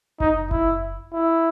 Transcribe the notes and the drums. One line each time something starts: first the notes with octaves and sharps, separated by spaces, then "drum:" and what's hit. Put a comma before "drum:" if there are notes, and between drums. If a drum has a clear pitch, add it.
D#4, drum: kick F#1
E4, drum: kick F#1
E4